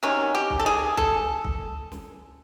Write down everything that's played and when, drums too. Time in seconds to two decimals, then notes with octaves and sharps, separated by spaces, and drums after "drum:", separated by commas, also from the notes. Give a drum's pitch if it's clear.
0.03 C3 D#3 F#3 C#4
0.35 G4
0.50 drum: kick
0.59 A4
0.66 G#4
0.97 A4, drum: kick
1.44 drum: kick
1.92 drum: snare